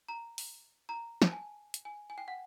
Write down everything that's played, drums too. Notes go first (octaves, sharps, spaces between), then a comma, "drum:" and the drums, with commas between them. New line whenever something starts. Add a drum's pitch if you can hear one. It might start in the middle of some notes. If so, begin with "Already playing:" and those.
A#5
drum: open hi-hat
A#5
A5, drum: snare
G#5
drum: hi-hat
G#5
G#5
G5
F#5